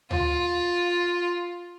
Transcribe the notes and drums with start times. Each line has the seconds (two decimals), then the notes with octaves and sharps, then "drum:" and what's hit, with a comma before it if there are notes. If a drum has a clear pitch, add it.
0.11 F4, drum: tom